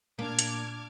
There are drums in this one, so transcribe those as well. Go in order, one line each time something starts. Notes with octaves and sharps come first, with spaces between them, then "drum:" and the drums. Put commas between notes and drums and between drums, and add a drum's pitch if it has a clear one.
A#2 A#3 D4 D6 F6 G#6
drum: hi-hat